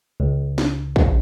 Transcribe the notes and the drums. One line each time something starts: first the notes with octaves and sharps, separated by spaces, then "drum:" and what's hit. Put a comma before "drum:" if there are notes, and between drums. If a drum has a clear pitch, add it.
C#2
drum: snare
drum: kick